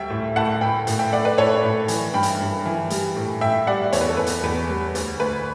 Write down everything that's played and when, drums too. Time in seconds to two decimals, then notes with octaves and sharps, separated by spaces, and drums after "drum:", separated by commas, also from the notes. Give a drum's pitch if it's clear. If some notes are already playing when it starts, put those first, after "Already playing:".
Already playing: D2 G3 E5 G5
0.10 A2
0.36 A2 F#5 A5
0.61 A2 G5 B5
0.87 A2, drum: hi-hat
0.99 E5 G5
1.12 A3 D5 F#5
1.25 B4 D5
1.37 A2 A4 C#5
1.63 A2
1.88 E3, drum: hi-hat
2.14 G2 G5 B5
2.23 drum: hi-hat
2.40 G2
2.66 E3
2.90 G3, drum: hi-hat
3.16 A2
3.41 A2 E5 G5
3.67 G3 D5 F#5
3.93 E2 C#5, drum: hi-hat
4.01 B4
4.09 A4
4.17 E2 B4
4.27 drum: hi-hat
4.43 E2 B4
4.69 G3
4.95 D2, drum: hi-hat
5.20 D2 B4